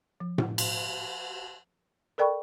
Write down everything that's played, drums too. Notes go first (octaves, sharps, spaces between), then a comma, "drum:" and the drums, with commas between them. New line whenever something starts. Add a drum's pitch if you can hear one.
F3
drum: tom A2
drum: cymbal
A4 A#4 D5 G5 B5 C#6